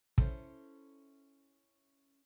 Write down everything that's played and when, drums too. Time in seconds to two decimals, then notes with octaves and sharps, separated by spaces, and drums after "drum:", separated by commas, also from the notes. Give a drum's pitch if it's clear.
0.18 C#4 E4 A4 C5, drum: kick